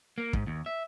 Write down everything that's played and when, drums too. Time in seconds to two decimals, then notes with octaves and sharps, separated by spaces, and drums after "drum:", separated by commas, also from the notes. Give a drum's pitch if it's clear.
0.18 A#3
0.33 G#2, drum: kick
0.47 D#2
0.66 E5